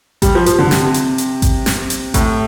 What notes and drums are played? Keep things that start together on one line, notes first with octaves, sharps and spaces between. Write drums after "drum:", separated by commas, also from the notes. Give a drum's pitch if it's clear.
G3, drum: kick A1, hi-hat
F3
F3, drum: hi-hat
D3
C3, drum: snare
drum: hi-hat
drum: hi-hat
drum: kick A1, hi-hat
drum: snare
drum: hi-hat
A2, drum: kick A1, hi-hat